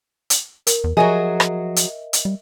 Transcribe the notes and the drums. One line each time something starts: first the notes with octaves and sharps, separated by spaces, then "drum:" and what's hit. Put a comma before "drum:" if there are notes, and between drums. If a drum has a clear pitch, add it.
drum: hi-hat
A#4, drum: hi-hat
E2
F3 F#3 F#4 G#4 A#4 D#5 E5
drum: rim click
drum: hi-hat
drum: hi-hat
G3